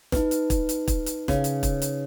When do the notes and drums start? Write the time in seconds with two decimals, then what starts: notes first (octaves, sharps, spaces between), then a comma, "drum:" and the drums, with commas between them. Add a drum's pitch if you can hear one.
0.12 D#4 B4, drum: snare
0.31 drum: hi-hat
0.50 drum: kick, hi-hat
0.69 drum: hi-hat
0.88 drum: kick, hi-hat
1.06 drum: hi-hat
1.28 C#3, drum: snare
1.44 drum: hi-hat
1.63 drum: kick, hi-hat
1.82 drum: hi-hat